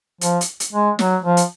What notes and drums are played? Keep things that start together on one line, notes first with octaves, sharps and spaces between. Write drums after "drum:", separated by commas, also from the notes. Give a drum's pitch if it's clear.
F3, drum: hi-hat
drum: hi-hat
drum: hi-hat
G#3
F#3, drum: snare
F3
drum: hi-hat